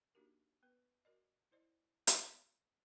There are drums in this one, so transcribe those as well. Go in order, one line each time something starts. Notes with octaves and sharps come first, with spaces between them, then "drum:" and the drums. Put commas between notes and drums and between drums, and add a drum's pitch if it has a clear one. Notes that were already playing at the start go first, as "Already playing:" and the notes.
A#3 D4 D#4 F#4 G4 A#4
B3 B4
F#4 A#4 D5 D#5
E4 C5 D5 D#5
drum: hi-hat